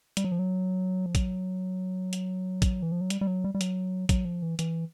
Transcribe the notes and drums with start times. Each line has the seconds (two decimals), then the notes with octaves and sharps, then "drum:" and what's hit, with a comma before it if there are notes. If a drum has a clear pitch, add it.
0.17 G3, drum: hi-hat
0.24 F#3
0.32 F3
0.39 F#3
1.06 F3
1.15 F#3, drum: kick, hi-hat
2.13 drum: hi-hat
2.62 drum: kick, hi-hat
2.82 E3
2.92 F3
3.01 F#3
3.10 G3, drum: hi-hat
3.21 G3
3.27 F#3
3.44 G3
3.55 G3
3.61 F#3, drum: hi-hat
4.09 F#3, drum: kick, hi-hat
4.25 F3
4.42 E3
4.59 E3, drum: hi-hat